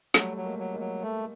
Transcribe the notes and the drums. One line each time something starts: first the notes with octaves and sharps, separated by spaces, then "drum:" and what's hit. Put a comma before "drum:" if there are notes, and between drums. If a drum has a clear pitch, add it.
F#3 G3 A3, drum: snare
F#3
G#3 A#3
F#3
G#3 A#3
F#3
A3